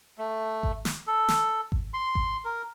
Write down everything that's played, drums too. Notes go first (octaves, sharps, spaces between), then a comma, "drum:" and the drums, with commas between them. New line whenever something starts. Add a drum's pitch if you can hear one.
A3
drum: kick G#1
drum: snare
A4
drum: snare
drum: kick G#1
C6
drum: kick G#1
A#4